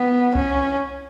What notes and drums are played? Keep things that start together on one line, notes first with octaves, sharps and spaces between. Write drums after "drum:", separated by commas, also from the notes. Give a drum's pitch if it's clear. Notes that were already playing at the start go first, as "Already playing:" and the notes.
Already playing: B3
C#4, drum: tom C2